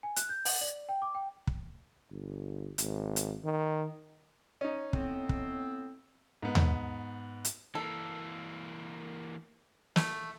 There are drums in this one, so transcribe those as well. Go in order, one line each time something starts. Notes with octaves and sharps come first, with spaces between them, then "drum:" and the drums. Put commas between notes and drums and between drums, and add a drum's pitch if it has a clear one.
G#5
F#6, drum: hi-hat
G6
F#5, drum: open hi-hat
D5
G5
D6
G5
drum: kick
G1
G#1, drum: hi-hat
drum: hi-hat
D#3
C#4 D#4
A2 B3 C4, drum: kick
drum: kick
G#2 B3
drum: tom D#2
drum: hi-hat
E3 A#3 A4
A3, drum: snare